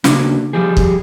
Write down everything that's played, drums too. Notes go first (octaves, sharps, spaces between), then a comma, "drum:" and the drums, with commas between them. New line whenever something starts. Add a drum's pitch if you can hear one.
C#3 A#3 D4 F#4, drum: snare
F3 G3 G4 G#4
drum: kick